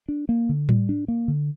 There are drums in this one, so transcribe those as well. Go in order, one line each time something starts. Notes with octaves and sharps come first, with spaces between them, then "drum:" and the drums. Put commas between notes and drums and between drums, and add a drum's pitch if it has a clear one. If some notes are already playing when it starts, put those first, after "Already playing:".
D4
A#3
D3
G3, drum: tom A2
D4
A#3
D3